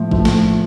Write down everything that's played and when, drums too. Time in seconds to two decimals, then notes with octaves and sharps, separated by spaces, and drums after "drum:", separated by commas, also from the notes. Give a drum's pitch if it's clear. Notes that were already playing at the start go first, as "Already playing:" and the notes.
Already playing: A2 F3 A3
0.11 A2 F3 A3, drum: kick A1
0.25 drum: snare